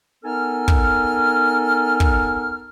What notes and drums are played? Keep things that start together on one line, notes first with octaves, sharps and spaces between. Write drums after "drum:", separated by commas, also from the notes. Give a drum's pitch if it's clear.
B3 D#4 A4 A#4 G#5 F6
drum: kick
drum: kick